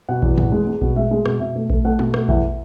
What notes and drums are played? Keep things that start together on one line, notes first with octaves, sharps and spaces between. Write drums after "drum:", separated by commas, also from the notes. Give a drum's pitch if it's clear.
B2 F#5
E2, drum: kick A#1
E2, drum: tom
G#3
G#3
B2, drum: kick A#1
G#3 E5
G#3
B2, drum: rim click
B2 E5
A3
A3, drum: kick A#1
A3 F#5
B2, drum: tom
A3, drum: rim click
E2 E5, drum: kick A#1